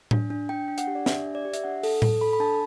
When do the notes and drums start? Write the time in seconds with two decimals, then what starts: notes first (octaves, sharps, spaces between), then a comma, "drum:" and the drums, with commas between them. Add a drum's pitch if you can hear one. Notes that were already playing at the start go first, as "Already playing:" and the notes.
0.11 D4, drum: tom A2
0.30 D4
0.49 D4 G5
0.68 D4
0.78 F#5, drum: hi-hat
0.87 G4
0.95 D5
1.06 D4 E5, drum: snare
1.27 G4
1.35 D5
1.45 G4
1.53 E5, drum: hi-hat
1.64 D4 F#5
1.83 A4, drum: open hi-hat
2.02 A4, drum: tom A2
2.21 A4 B5
2.33 B5
2.40 D4 A5